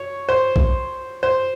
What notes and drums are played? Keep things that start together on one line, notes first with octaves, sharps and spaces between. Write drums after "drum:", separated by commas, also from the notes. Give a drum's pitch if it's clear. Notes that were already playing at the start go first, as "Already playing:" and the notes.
Already playing: C#5
C5
drum: kick B1
C5